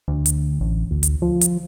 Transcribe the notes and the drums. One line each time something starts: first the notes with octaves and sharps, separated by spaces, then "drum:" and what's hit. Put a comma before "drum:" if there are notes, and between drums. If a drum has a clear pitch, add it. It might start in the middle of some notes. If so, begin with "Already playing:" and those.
D2
drum: hi-hat
A1
D2
drum: hi-hat
F3
drum: hi-hat